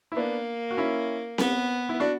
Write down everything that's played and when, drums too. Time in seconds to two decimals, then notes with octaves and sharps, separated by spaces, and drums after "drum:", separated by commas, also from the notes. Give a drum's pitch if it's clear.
0.12 E4
0.16 A#3 B3 D4
0.71 F#4
0.77 C#4 E4
1.38 B3, drum: snare C4
1.89 E4
2.00 D4 F#4